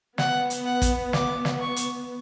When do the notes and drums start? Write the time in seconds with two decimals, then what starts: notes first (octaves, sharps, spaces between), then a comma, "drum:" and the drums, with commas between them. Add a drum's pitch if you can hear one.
0.18 B3 F#5, drum: snare
0.50 drum: hi-hat
0.66 F#5
0.82 drum: kick, hi-hat
1.13 D6, drum: snare
1.45 drum: snare
1.61 C#6
1.76 drum: hi-hat